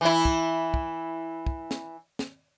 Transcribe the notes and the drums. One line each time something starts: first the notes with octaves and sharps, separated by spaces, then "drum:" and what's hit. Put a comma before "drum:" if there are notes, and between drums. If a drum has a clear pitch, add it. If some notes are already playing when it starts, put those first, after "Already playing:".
E3 E4
drum: kick
drum: kick
drum: kick
drum: snare
drum: snare